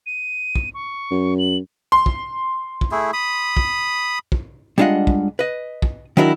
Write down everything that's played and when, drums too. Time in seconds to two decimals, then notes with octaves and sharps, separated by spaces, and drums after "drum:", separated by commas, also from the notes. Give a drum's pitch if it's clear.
0.06 D#7
0.56 drum: kick
0.74 C#6
1.11 F#2
1.39 F#7
1.92 C6
2.06 drum: kick
2.81 drum: kick
2.92 A3 E4 G#4
3.13 B5 D#6
3.57 drum: kick
4.32 drum: kick
4.78 G3 G#3 D4 F4 D#5 F#5
5.07 drum: kick
5.39 B4 D#5
5.82 drum: kick
6.17 D#3 F#3 D4 E4 F#4 A#4